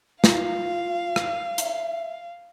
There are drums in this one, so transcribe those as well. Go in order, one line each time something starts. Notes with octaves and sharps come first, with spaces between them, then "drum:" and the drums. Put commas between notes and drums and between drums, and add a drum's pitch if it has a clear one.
F4 F5, drum: snare
drum: rim click
E5, drum: hi-hat